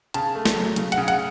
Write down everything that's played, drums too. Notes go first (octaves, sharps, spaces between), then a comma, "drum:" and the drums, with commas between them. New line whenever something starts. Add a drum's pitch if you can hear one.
C#3 A5, drum: hi-hat
A3
drum: snare
F#3
C#3, drum: hi-hat
F#5, drum: hi-hat
C#3
F#5, drum: hi-hat